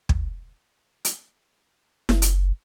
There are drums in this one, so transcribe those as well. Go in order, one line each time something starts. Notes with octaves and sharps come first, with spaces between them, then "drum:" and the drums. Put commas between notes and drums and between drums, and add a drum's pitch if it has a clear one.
drum: kick
drum: hi-hat
F#1, drum: snare E4
drum: hi-hat